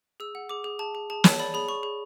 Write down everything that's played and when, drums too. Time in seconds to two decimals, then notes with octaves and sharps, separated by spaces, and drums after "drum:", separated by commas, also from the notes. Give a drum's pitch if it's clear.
0.20 G#4 E6
0.35 F#5
0.49 G#4 D6
0.64 G#4
0.79 G#4 A5
0.95 G#4
1.10 G#4 A5
1.24 C#5 A5, drum: snare
1.39 D5 B5
1.54 G#4 B5
1.68 G#4 C#6
1.83 G#4